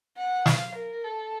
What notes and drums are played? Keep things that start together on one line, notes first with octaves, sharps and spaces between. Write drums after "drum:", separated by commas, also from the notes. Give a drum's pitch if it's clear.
F#5
F5, drum: snare
A#4
A4